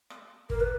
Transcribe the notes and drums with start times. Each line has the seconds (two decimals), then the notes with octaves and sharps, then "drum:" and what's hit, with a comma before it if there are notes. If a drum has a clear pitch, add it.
0.10 drum: rim click
0.50 A#4, drum: kick
0.60 B4